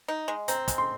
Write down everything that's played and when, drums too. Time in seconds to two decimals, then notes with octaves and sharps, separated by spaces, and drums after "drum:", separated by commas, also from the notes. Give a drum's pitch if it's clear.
0.08 D#4
0.28 G#3
0.48 C4 A#5, drum: hi-hat
0.68 G#3, drum: kick, hi-hat
0.78 C6